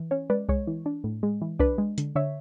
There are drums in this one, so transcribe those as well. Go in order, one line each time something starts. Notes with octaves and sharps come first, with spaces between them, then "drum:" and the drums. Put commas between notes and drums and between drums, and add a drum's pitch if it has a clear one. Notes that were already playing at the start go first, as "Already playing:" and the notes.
Already playing: E3
C#4 C#5
G#3 B4 D5
G#3 C#5, drum: kick C2
E3
D4
A2
G#3
E3
D4 B4 D5, drum: kick C2
G#3
D3, drum: hi-hat
D3 C#5 E5